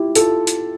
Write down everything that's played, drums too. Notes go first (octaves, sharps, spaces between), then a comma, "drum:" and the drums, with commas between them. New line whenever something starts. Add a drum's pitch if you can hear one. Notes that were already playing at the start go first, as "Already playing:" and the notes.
Already playing: E4 F4 G4
F4 A4, drum: hi-hat
drum: hi-hat